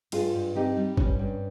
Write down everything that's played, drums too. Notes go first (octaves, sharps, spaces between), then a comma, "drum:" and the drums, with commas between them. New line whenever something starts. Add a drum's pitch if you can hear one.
G2 F4 G#4, drum: cymbal
G2
C4 D#4 G4
G3
G2 C#4, drum: kick G1
G2